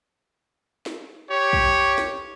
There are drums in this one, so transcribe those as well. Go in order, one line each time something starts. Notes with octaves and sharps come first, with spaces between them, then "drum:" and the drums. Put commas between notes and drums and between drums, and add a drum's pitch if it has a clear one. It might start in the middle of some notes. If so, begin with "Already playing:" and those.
drum: snare
G4 C#5
drum: kick
drum: snare